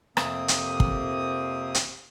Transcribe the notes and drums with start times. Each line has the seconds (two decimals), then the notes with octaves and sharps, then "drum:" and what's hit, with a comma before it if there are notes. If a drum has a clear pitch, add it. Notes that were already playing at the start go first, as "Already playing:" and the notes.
0.17 F2 C3 A#3 C4 D#6, drum: rim click
0.48 drum: hi-hat
0.80 drum: kick
1.75 drum: hi-hat